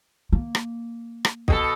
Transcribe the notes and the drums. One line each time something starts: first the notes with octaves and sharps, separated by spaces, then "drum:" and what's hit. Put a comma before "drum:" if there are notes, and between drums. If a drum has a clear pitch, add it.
A#3
drum: rim click
drum: rim click
B2 G#4 A4, drum: kick